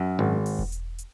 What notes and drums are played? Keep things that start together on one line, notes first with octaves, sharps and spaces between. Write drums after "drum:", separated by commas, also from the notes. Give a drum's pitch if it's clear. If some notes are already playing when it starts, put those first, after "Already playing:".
Already playing: F#2
G#1
drum: open hi-hat
drum: kick E1
drum: hi-hat
drum: hi-hat